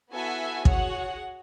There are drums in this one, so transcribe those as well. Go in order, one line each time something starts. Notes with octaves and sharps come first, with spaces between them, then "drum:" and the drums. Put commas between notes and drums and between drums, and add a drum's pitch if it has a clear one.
B3 E4 F#4 A4 E5 G#5
F#4 G#4 C#5 F#5, drum: kick